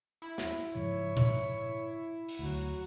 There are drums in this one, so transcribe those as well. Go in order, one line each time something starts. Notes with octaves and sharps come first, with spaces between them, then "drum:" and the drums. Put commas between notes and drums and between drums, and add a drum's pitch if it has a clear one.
E4
drum: snare
G#2 C#3 F3 C#5
drum: tom A#2
drum: open hi-hat
D2 F#3 F#4